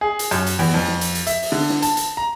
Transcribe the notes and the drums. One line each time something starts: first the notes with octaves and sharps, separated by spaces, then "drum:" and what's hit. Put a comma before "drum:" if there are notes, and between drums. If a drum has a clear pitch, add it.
G#4
drum: hi-hat
F#2, drum: hi-hat
drum: hi-hat
E2, drum: open hi-hat
F2, drum: snare
drum: snare
drum: hi-hat
drum: hi-hat
E5, drum: hi-hat
drum: open hi-hat
D3
drum: snare
A5, drum: hi-hat
drum: hi-hat
A#5